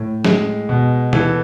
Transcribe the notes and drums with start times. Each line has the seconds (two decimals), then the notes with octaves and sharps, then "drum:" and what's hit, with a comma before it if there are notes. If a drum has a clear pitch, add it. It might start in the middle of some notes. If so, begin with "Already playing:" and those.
Already playing: A2
0.25 G#3, drum: snare
0.69 B2
1.13 E3 A4, drum: tom